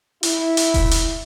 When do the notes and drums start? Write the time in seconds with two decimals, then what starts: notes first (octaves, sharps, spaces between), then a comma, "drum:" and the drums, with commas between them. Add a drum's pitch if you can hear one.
0.23 E4, drum: hi-hat
0.57 drum: hi-hat
0.74 drum: kick E1, open hi-hat
0.91 drum: hi-hat